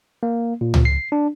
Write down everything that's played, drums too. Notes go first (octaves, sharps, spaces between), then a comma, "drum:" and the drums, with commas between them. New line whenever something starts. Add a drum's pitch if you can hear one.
A#3
A#2
drum: tom C#2
C7
D4